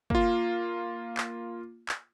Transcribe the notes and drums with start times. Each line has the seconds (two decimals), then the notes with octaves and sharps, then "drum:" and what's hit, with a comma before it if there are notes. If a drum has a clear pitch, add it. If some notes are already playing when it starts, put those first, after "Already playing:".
0.10 A#3 F4, drum: kick
1.17 drum: clap
1.89 drum: clap